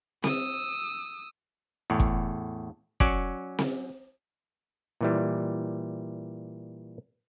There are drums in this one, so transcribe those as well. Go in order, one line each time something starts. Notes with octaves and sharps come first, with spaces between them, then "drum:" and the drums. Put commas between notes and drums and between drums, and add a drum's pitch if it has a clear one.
D#6 E6, drum: snare C4
E2 A2
drum: kick
F#3 C#4 D5, drum: kick
drum: snare C4
A#2 E3 G3